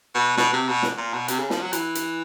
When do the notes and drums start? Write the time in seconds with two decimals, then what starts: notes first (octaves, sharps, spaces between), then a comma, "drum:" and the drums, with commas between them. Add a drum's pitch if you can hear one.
0.15 B2
0.37 B2, drum: snare
0.53 C3
0.68 B2
0.83 drum: snare
0.97 A#2
1.13 B2
1.28 C3, drum: hi-hat
1.39 C#3
1.50 F3, drum: snare
1.62 F#3
1.73 E3, drum: hi-hat
1.95 drum: hi-hat